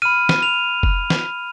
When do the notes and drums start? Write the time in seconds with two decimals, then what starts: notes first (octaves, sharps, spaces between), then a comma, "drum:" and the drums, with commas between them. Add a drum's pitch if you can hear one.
0.02 B5 F6 D#7
0.29 drum: snare
0.43 F7
0.83 drum: kick F#1
1.10 drum: snare